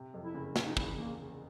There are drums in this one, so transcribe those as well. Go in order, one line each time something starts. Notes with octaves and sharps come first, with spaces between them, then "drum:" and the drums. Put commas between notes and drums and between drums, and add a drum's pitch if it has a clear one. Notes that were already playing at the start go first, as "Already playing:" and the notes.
Already playing: C3
F2
E4
F#1
C3, drum: snare
D#4
E2 E4, drum: kick
A#3